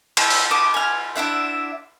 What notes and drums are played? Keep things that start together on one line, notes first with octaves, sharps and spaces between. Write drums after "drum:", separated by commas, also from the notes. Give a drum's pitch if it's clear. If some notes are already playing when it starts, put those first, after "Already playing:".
E6, drum: cymbal
drum: open hi-hat
A5 D6 D#6
G#5 F6
D4 E4 E5 F#5